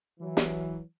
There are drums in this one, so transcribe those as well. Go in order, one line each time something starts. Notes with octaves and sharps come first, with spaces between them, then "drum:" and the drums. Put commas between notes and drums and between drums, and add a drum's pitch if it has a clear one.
E3 F#3
drum: snare